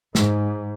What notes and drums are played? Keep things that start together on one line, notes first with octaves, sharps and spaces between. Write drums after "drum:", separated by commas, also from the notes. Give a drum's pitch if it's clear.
G#2, drum: snare